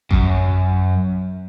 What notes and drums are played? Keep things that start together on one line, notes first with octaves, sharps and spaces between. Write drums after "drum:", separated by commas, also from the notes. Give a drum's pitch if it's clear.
F#2, drum: kick A1